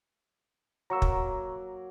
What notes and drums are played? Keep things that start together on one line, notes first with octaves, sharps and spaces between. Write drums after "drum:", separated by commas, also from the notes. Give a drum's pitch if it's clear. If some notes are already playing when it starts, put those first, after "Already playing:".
F#3 A#3 A#5 C#6 E6
drum: kick